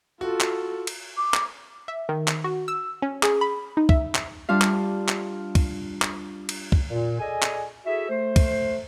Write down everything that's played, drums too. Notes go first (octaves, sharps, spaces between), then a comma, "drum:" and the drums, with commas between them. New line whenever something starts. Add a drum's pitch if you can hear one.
F4 F#4 A4
drum: clap
drum: cymbal
D6
drum: clap
E5
D#3
drum: clap
F#4
E6
C#4
G#4, drum: clap
B5
D#4
E5, drum: kick
drum: clap
G3 D4 F4 F5
drum: clap
drum: clap
drum: kick, cymbal
drum: clap
drum: cymbal
drum: kick
A#2
G#4 A4 D5 D#5 G#5
drum: clap
E4 F#4 G#4 A4 E5
A3 C5
drum: kick, cymbal